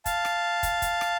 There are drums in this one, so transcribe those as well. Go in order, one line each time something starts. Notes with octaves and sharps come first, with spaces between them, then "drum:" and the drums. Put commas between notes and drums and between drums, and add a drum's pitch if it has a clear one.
F5 A5, drum: kick, hi-hat
drum: rim click
drum: kick, hi-hat
drum: kick, hi-hat
drum: rim click